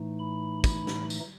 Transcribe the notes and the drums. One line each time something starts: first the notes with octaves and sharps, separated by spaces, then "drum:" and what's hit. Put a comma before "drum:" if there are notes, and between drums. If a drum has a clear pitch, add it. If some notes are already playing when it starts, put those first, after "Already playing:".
Already playing: A2 E3 A3 D#4
B5
B5, drum: kick, tambourine
drum: snare
drum: tambourine